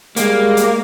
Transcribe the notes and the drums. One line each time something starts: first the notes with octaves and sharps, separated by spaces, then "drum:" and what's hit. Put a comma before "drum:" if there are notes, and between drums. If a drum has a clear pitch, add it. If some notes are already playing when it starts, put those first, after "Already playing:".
G3 G#3 A#3, drum: hi-hat
drum: hi-hat